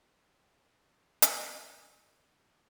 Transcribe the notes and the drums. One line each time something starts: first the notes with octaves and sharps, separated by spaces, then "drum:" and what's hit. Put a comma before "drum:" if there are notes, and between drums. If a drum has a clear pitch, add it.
F3 B3 G#5 A5
drum: hi-hat